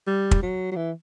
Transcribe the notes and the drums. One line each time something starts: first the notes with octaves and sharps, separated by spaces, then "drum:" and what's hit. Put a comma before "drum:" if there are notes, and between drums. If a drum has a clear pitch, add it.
G3
drum: kick
F#3
F#3
E3